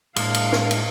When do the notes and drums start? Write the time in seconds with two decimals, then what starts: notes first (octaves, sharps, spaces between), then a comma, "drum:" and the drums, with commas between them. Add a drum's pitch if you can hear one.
0.16 A2 G#3 A#3 D4 F5, drum: cymbal
0.34 drum: cymbal
0.53 drum: snare
0.71 drum: cymbal